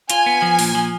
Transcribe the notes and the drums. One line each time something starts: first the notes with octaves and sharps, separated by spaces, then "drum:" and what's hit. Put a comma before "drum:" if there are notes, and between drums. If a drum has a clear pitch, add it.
F4 G#5, drum: hi-hat
B3
F3
A#2, drum: open hi-hat
F3